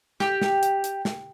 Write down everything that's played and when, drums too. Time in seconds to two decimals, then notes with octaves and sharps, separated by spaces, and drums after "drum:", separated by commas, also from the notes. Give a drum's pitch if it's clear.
0.20 G4, drum: snare
0.42 drum: snare
0.63 drum: hi-hat
0.84 drum: hi-hat
1.05 drum: snare